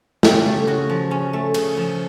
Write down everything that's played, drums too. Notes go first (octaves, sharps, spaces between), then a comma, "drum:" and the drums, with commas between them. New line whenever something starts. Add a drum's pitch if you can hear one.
C#3 G4, drum: snare
A3
C#3 F#4
F3
C#3 C#4
A3
C#3, drum: cymbal
F3